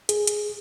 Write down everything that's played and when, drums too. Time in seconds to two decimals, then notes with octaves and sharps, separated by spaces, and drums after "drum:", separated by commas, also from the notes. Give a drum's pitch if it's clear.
0.09 G#4, drum: hi-hat
0.27 drum: hi-hat